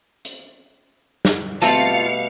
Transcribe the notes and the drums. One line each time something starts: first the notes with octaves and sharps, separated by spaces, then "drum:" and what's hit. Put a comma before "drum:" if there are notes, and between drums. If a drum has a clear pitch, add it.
drum: hi-hat
drum: snare
B2 A3 C4 F4 G4 F5 A5 C#7